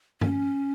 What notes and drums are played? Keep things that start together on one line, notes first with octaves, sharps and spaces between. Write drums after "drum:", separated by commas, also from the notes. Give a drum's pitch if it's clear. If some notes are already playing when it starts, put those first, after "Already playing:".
C#4, drum: tom G2